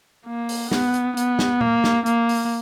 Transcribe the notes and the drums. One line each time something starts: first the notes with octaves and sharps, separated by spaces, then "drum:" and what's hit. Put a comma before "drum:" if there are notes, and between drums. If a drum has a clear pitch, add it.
A#3
drum: open hi-hat
B3, drum: snare
drum: hi-hat
B3, drum: hi-hat
drum: snare
A#3, drum: tom A#2
drum: snare
A#3, drum: hi-hat
drum: open hi-hat